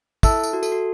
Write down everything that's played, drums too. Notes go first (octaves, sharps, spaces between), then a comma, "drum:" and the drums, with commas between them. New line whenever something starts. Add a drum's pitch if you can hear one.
E4 A4 E5 A5 E6, drum: kick, tambourine
drum: tambourine
F#4
A4, drum: tambourine
F#4